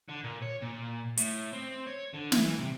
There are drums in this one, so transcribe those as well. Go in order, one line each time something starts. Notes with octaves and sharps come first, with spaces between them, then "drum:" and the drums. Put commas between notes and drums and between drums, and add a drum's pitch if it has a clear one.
D3
A#2
C#5
A#2
A2, drum: hi-hat
C4
C#5
D3
E3, drum: snare
C3